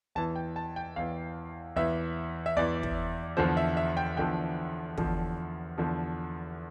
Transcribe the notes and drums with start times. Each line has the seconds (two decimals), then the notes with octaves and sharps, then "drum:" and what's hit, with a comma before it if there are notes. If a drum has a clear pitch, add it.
0.15 E2 E3 A5
0.36 G5
0.56 A5
0.76 G5
0.96 E2 E3 F5
1.76 E2 E3 E5
2.46 E5
2.57 E2 E3 D5
2.83 drum: kick
3.37 E2 D3 F3 C5
3.57 E5
3.77 E5
3.97 G5
4.17 E2 D3 F3 G5
4.98 E2 D3 F3, drum: kick
5.78 E2 D3 F3